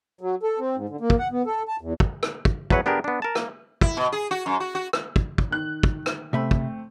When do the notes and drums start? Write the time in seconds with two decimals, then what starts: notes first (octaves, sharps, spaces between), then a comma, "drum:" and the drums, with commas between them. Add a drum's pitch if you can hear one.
0.21 F#3
0.43 A4
0.59 C4
0.76 G#2
0.89 D3
1.01 A#3
1.10 drum: kick
1.19 F#5
1.31 B3
1.46 A4
1.68 A5
1.81 E2
2.00 drum: kick
2.23 drum: rim click
2.45 drum: kick
2.70 E2 F#3 B4 C#5 F#5, drum: kick
2.86 B3 D4 G4 G#4 A#4
3.04 B3 D4
3.22 A#4 A5
3.35 A#3, drum: rim click
3.81 E4, drum: kick
3.97 B2
4.12 G#4
4.31 F#4
4.46 F#2
4.60 F#4
4.75 F#4
4.93 drum: rim click
5.16 drum: kick
5.38 drum: kick
5.51 D#3 F#6
5.83 drum: kick
6.06 drum: rim click
6.33 C3 A3 C4 E5 B5
6.51 drum: kick